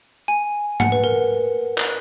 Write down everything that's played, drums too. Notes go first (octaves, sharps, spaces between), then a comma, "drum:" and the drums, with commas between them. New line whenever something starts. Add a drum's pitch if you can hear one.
G#5
F#5, drum: tom
B4
A#4
drum: clap